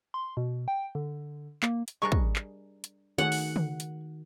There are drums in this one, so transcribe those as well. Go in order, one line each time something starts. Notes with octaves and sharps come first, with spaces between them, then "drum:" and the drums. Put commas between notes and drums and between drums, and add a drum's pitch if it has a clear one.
C6
B2
G5
D3
A#3, drum: clap
drum: hi-hat
G3 D4 G#4 A#4 D#5 C#6
drum: kick
drum: clap
drum: hi-hat
D#3 A3 F#4 G#4 C#5 F#5
drum: open hi-hat
drum: tom
drum: hi-hat